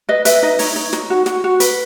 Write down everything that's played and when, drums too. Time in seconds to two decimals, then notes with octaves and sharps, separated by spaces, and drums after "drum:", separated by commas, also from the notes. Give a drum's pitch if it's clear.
0.09 B4 D#5
0.25 B4 E5, drum: hi-hat
0.42 D#4 D#5
0.59 D#4 C#5, drum: open hi-hat
0.76 D#4 C#5
0.93 D#4, drum: snare
1.10 F#4
1.26 F#4, drum: snare
1.44 F#4
1.60 B4, drum: hi-hat